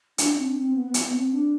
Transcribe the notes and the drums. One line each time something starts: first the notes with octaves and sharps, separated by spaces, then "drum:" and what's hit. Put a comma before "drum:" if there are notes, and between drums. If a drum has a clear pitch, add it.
D4, drum: hi-hat
D4
C4
D4
C4
B3
B3, drum: hi-hat
C4
D4